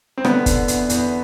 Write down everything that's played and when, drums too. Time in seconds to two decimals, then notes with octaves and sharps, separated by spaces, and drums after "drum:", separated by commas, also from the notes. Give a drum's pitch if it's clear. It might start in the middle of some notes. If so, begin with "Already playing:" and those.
0.17 C4
0.25 D3 B3, drum: rim click
0.46 D3, drum: kick, hi-hat
0.68 E2, drum: hi-hat
0.89 E2, drum: hi-hat